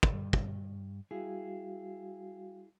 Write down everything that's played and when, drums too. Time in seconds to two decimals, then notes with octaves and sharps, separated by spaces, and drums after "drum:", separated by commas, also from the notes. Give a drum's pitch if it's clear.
0.03 drum: kick
0.13 G2
0.33 drum: kick
1.11 G3 E4 F#4 G#4 F5